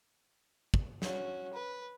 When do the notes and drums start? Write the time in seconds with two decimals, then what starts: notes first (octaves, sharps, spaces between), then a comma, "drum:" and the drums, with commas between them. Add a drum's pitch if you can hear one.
0.74 drum: kick
1.02 C#4 F#4, drum: snare
1.54 B4